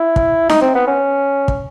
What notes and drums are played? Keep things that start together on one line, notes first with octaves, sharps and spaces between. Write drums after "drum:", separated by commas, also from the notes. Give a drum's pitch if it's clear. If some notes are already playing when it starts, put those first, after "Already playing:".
Already playing: E4
drum: kick
D#4, drum: snare D#4
C4
B3
C#4
drum: kick